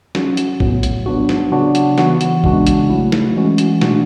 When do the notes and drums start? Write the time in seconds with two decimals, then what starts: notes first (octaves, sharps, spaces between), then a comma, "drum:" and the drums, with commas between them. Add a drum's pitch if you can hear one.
0.15 F#3 C#4 F#4, drum: snare
0.37 drum: hi-hat
0.60 A2 F#3 B3, drum: kick A#1
0.83 drum: hi-hat
1.06 F#3 B3 D4 F#4
1.29 drum: snare
1.52 C#3 F#3 B3 D4 F#4
1.75 drum: hi-hat
1.98 E3 B3 F#4, drum: snare
2.21 drum: hi-hat
2.44 C#3 G#3 D4 F#4, drum: kick A#1
2.67 drum: hi-hat
2.90 F#3 A3 E4
3.12 drum: snare
3.35 E3 G#3 C#4 F#4
3.58 drum: hi-hat
3.81 B2 A3 D4 F#4, drum: snare